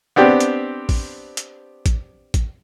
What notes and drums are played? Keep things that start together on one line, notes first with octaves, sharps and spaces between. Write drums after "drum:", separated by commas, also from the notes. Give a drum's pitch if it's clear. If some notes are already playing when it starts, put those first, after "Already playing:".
B3 C4 D4 G4
drum: hi-hat
drum: kick A1, open hi-hat
drum: hi-hat
drum: kick A1, hi-hat
drum: kick A1, hi-hat